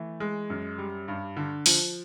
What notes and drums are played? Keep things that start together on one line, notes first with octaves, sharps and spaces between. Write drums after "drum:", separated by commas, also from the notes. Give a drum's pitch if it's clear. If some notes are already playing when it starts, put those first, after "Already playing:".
Already playing: E3 A3
G#3
F#2
G3
G2
D3
F3, drum: open hi-hat